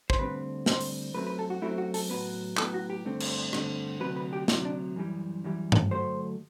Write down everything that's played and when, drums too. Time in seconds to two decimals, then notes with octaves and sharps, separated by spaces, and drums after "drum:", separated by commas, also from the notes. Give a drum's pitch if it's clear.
0.10 C5, drum: kick
0.19 D2 D3 G3 C4 B4
0.66 D2 D3 G3 C4 C5, drum: snare
0.81 drum: open hi-hat
1.14 F#2 F#3 A3 C4 B4
1.27 B4
1.39 A4
1.50 F#4
1.62 F#2 F#3 A3 C4 E4
1.78 F#4
1.94 A4, drum: open hi-hat
2.10 A2 F#3 B3 B4
2.57 A2 F#3 B3 A4, drum: clap
2.74 F#4
2.90 G4
3.05 G2 D3 A3 C4
3.20 drum: cymbal
3.53 G2 D3 A3 C4, drum: rim click
4.00 D2 C3 F#3 B4
4.16 B4
4.33 G4
4.48 D2 C3 F#3 E4, drum: snare
4.65 D4
4.96 F#2 E3 G3
5.44 F#2 E3 G3
5.72 drum: tom G2
5.91 D2 C3 F#3 A3 C5